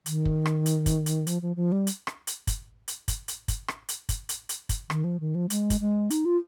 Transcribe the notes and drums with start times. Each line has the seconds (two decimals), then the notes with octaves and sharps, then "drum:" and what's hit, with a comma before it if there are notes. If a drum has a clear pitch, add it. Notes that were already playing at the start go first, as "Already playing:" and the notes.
0.06 D#3, drum: hi-hat
0.25 drum: kick
0.46 drum: rim click
0.66 drum: hi-hat
0.86 drum: kick, hi-hat
1.06 drum: hi-hat
1.27 F3, drum: hi-hat
1.42 F3
1.56 F3
1.72 G3
1.87 drum: hi-hat
2.07 drum: rim click
2.27 drum: hi-hat
2.47 drum: kick, hi-hat
2.88 drum: hi-hat
3.08 drum: kick, hi-hat
3.28 drum: hi-hat
3.48 drum: kick, hi-hat
3.68 drum: rim click
3.89 drum: hi-hat
4.09 drum: kick, hi-hat
4.29 drum: hi-hat
4.49 drum: hi-hat
4.69 drum: kick, hi-hat
4.90 D#3, drum: rim click
5.04 F3
5.20 D#3
5.35 F3
5.50 G#3, drum: hi-hat
5.70 drum: kick, hi-hat
5.80 G#3
6.10 D#4, drum: hi-hat
6.25 F4